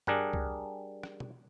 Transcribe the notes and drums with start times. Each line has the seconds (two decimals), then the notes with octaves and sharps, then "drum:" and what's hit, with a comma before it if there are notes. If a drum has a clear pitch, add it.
0.07 G3 D4 G#4 A#4 F#5, drum: tom G2
0.33 drum: kick
1.03 drum: rim click
1.20 drum: tom B2